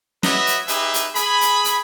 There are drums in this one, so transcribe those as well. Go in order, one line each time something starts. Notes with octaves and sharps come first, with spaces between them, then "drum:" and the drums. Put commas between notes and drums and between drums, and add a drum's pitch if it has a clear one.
F#4 B4 C#5 D#5 E5, drum: snare
drum: hi-hat
D#4 G4 G#4 B4 E5, drum: hi-hat
drum: hi-hat
G#4 B5, drum: hi-hat
drum: hi-hat
drum: hi-hat